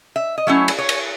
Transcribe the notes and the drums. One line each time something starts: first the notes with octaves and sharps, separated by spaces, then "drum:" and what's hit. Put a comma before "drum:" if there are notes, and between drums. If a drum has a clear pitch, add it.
E5
D#5
F#3 A3 C#4 E4 E5
drum: cymbal
C#5
drum: cymbal